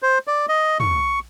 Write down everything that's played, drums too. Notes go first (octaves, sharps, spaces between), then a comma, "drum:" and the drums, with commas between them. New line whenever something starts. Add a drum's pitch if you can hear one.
C5
D5
D#5
C#6, drum: tom